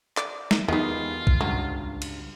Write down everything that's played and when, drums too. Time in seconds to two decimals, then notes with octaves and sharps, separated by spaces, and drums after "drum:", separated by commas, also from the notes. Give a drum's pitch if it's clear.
0.17 D5, drum: clap
0.51 drum: snare
0.68 E2 D#3 G3 B3 D#4 F4 G#4
1.27 drum: kick A#1
1.41 C#2 G2 F#3
2.02 drum: cymbal